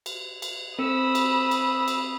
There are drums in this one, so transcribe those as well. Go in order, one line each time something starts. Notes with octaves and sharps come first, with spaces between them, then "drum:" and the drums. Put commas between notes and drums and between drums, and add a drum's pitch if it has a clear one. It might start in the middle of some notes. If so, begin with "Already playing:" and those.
drum: cymbal
drum: cymbal
C4 A4 C5 B5 D#6 E6
drum: cymbal
drum: cymbal
drum: cymbal